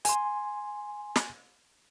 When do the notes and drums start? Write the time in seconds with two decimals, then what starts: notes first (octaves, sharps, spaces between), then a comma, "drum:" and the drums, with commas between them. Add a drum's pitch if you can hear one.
0.05 G#5 C6, drum: hi-hat
1.16 drum: snare